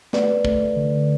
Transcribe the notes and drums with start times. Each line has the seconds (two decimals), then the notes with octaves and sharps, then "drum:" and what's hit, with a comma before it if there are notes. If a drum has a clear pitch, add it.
0.13 A3 B4 D5, drum: snare
0.45 A3, drum: kick
0.76 D3